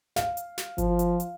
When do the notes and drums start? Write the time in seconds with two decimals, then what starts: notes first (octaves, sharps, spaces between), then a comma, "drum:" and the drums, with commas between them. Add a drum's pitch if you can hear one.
0.16 F5, drum: snare
0.37 drum: hi-hat
0.58 drum: snare
0.78 F3, drum: kick G1, hi-hat
0.99 drum: hi-hat
1.20 drum: hi-hat